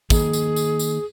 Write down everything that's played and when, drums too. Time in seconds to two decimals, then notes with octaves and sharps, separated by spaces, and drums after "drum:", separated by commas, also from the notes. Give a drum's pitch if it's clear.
0.10 D#3 A#3 G#4, drum: kick, tambourine
0.33 drum: tambourine
0.56 drum: tambourine
0.79 drum: tambourine